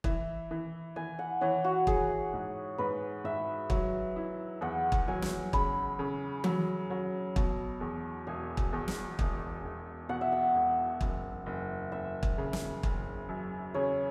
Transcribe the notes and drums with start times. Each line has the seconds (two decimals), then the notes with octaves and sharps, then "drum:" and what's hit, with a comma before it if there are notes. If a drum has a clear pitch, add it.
0.04 E3 E5, drum: kick
0.51 E3
0.96 E3 G#5
1.19 F#5
1.41 E3 C#5
1.64 F#4
1.87 E3 G#4, drum: kick
2.33 G#2
2.78 G#2 B4
3.24 G#2 E5
3.70 F#3, drum: kick
4.16 E4
4.61 E2 F#5
4.92 drum: kick
5.08 F#3 G#5
5.22 drum: snare
5.53 C#3 B5, drum: kick
5.99 C#3
6.44 F#3, drum: tom E3
6.90 F#3
7.36 B2, drum: kick
7.81 E2
8.27 E1 G#5
8.57 drum: kick
8.73 E2
8.88 drum: snare
9.19 E1, drum: kick
9.63 E1
10.09 B2 F#5
10.21 E5
10.32 F#5
10.55 E1
11.01 F#1, drum: kick
11.46 F#1
11.92 F#1 E5
12.23 drum: kick
12.38 C#3
12.53 drum: snare
12.83 F#1, drum: kick
13.29 F#2
13.74 C#3 C#5